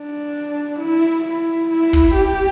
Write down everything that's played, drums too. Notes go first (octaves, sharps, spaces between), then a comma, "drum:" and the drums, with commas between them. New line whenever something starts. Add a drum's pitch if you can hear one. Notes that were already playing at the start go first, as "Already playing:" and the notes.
Already playing: D4
E4
E4
E4
drum: kick
G4